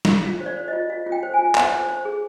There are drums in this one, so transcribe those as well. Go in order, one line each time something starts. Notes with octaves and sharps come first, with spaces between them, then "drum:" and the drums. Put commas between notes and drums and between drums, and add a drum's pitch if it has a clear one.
drum: snare
F4 F5
C5
D5
C5
D#5
F4
F4 F5
F4
G5
C5
G#5
F4
C5, drum: clap
C5
C5
G#4